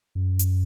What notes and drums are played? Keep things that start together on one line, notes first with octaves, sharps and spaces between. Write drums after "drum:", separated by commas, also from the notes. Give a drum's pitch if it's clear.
F#2
drum: hi-hat